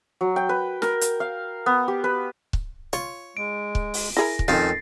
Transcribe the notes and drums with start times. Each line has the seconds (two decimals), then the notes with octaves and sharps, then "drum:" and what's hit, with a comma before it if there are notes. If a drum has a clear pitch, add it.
0.21 F#3
0.36 G5
0.49 B4
0.82 A#4, drum: snare
1.01 drum: hi-hat
1.20 F5
1.66 B3
1.88 G4
2.04 B4
2.53 drum: kick C#1
2.93 F4 C#5
3.37 G#3 D7
3.75 drum: kick C#1
3.94 drum: open hi-hat
4.17 E4 G#4 A#4 A#6
4.39 drum: kick C#1
4.48 F2 D#3 C#4 F5 A6 C7